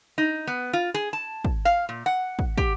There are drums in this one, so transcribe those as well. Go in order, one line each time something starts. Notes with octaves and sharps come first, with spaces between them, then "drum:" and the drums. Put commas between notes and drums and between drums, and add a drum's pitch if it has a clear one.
D#4
B3
F4
G#4
A5
drum: kick
F5
A#2
F#5
drum: kick
G4, drum: kick